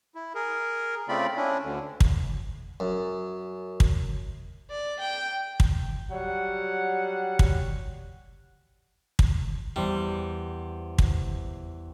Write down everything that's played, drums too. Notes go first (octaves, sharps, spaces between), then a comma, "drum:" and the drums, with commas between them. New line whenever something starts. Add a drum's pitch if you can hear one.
E4
G#4 A#4
C#3 A3 C4 F4 D5 B5
C#4 D4 E4
D2 D3
drum: kick
F#2
drum: kick
D5
G5
drum: kick
F#3 G3 C#5 F#5
drum: kick
drum: kick
E2 G3 C5
drum: kick